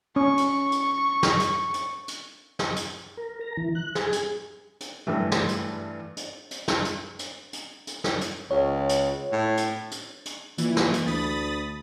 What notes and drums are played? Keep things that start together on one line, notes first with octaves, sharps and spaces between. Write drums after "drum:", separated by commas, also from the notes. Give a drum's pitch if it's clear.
C#4 C#6
drum: hi-hat
drum: hi-hat
drum: snare
drum: hi-hat
drum: hi-hat
drum: hi-hat
drum: snare
drum: hi-hat
A#4
A#5
E3
F#6
G#4, drum: snare
drum: hi-hat
drum: hi-hat
G2 E3 G3 A3
drum: snare
drum: hi-hat
drum: hi-hat
drum: hi-hat
drum: snare
drum: hi-hat
drum: hi-hat
drum: hi-hat
drum: hi-hat
drum: snare
drum: hi-hat
C#2 C#5
drum: hi-hat
A2
drum: hi-hat
drum: hi-hat
drum: hi-hat
A#2 E3, drum: hi-hat
drum: snare
drum: hi-hat
D2 B5 D#6 A6